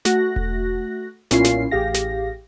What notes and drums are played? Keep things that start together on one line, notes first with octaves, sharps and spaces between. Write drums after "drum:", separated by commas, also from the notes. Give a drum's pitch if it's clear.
A3 F#4 F#6 A#6, drum: snare
drum: kick E1
B1 A#2 C#4 E4 F4 C7, drum: snare
drum: snare
A1 G4 G#4 F5 A#6
drum: snare